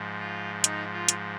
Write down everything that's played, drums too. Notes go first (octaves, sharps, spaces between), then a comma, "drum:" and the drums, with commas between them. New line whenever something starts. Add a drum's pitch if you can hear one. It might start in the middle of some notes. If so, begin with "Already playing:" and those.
Already playing: G#2 F3
F4
D#4, drum: hi-hat
F4
drum: hi-hat